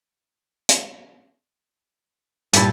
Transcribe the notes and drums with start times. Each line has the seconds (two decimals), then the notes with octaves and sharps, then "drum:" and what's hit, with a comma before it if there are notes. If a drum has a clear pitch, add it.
0.69 drum: hi-hat
2.53 G2 A#2 E4 A5, drum: hi-hat